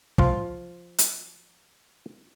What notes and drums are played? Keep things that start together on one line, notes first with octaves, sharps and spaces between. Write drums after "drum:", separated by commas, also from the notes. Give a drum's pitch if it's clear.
F3 F4, drum: kick
drum: hi-hat